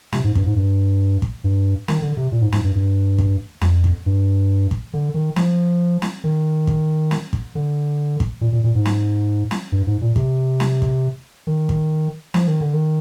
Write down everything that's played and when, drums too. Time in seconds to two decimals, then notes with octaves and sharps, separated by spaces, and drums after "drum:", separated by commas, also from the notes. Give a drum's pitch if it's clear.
0.12 C3, drum: snare
0.24 G#2
0.35 G2, drum: kick
0.46 G#2
0.56 G2
1.22 drum: kick
1.44 G2
1.88 D#3, drum: snare
2.02 D3
2.17 C3
2.32 A#2
2.41 G#2
2.52 G#2, drum: snare
2.64 G2
2.75 G2
3.18 drum: kick
3.61 F2, drum: snare
3.84 drum: kick
4.06 G2
4.71 drum: kick
4.93 D3
5.14 D#3
5.36 F3, drum: snare
6.02 drum: snare
6.24 D#3
6.67 drum: kick
7.11 drum: snare
7.33 drum: kick
7.55 D3
8.20 drum: kick
8.41 A#2
8.52 A#2
8.64 A#2
8.75 G#2
8.85 drum: snare
9.51 drum: snare
9.72 G2
9.87 G#2
10.02 A#2
10.16 C3, drum: kick
10.60 drum: snare
10.82 drum: kick
11.47 D#3
11.69 drum: kick
12.34 F3, drum: snare
12.47 D#3
12.61 D3
12.73 D#3